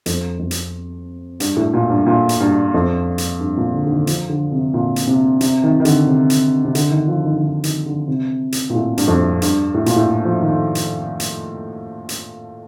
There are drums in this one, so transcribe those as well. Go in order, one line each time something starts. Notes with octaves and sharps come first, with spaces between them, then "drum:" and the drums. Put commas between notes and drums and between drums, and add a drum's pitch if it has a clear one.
F2, drum: hi-hat
F2
drum: hi-hat
G2, drum: hi-hat
A2
A#2
G2
A#2
drum: hi-hat
G2
F2
drum: hi-hat
G2
A#2
D3
D3
D#3
F3, drum: hi-hat
D3
C3
A#2
drum: hi-hat
C3
C3, drum: hi-hat
D#3
D#3
D3, drum: hi-hat
C3
drum: hi-hat
C3
D3, drum: hi-hat
D#3
F3
D#3
D3
D#3
D#3, drum: hi-hat
D3
C3
drum: hi-hat
A#2
A2
G2, drum: hi-hat
F2
G2, drum: hi-hat
A2
A#2, drum: hi-hat
A2
F3
D#3
drum: hi-hat
drum: hi-hat
drum: hi-hat